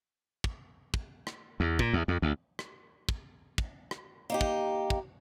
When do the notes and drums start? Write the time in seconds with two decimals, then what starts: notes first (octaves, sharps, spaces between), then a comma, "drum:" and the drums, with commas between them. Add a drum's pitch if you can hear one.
0.44 drum: kick
0.94 drum: kick
1.27 drum: rim click
1.60 E2
1.79 A#2, drum: kick
1.93 E2
2.08 F2
2.22 D2
2.59 drum: rim click
3.09 drum: kick
3.58 drum: kick
3.91 drum: rim click
4.30 A#3 D#4 G4
4.41 drum: kick
4.90 drum: kick